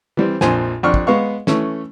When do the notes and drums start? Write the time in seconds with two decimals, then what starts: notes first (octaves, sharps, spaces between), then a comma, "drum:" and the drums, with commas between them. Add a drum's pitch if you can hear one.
0.17 E3 G3 C4
0.41 A#1 F2 C5 G#5, drum: snare
0.83 F2 D4 C#6 F6
0.94 drum: kick
1.07 G#3 B3 F5 C#6
1.47 E3 A3 C#4, drum: snare